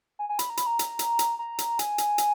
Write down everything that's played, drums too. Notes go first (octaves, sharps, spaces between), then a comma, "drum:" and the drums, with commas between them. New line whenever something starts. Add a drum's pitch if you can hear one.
G#5
G#5
B5, drum: hi-hat
A#5
B5, drum: hi-hat
A#5
drum: hi-hat
drum: hi-hat
drum: hi-hat
A#5
drum: hi-hat
G#5, drum: hi-hat
drum: hi-hat
drum: hi-hat